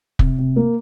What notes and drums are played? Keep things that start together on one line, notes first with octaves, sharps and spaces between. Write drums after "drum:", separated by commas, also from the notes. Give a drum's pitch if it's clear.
C3, drum: kick
C3
A#3